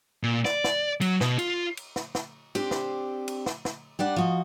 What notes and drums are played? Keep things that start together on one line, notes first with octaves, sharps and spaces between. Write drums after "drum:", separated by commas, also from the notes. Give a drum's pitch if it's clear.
A#2
D5, drum: snare
drum: snare
F#3, drum: cymbal
B2, drum: snare
F4, drum: cymbal
drum: cymbal
drum: snare
drum: snare
C4 D4 G4 C5, drum: cymbal
drum: snare
drum: cymbal
drum: snare
drum: snare
G3 D4 D5 F#5
F3 F#4 D#5